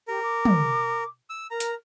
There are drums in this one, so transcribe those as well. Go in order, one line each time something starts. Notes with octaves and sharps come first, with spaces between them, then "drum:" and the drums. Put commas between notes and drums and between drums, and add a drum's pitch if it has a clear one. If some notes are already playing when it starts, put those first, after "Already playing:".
G4 A#4
D6
drum: tom
E6
A#4 A#5
drum: hi-hat